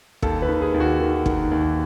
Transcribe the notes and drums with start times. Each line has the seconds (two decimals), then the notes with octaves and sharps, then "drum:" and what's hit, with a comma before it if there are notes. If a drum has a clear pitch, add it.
0.22 D#2 A4, drum: kick
0.42 B4
0.48 D#3
0.61 G#4
0.74 D#2
0.80 F#4
1.00 D#3
1.26 D#3, drum: kick
1.51 D#2